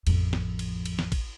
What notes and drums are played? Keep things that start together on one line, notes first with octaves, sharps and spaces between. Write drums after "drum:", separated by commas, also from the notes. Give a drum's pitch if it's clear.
A1 F2, drum: cymbal
drum: snare
drum: cymbal
drum: cymbal
drum: snare
drum: kick, cymbal